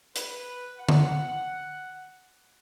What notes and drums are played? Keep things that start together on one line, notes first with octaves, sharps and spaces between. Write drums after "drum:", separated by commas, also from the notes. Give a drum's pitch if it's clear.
B4, drum: hi-hat
F#5
drum: tom D3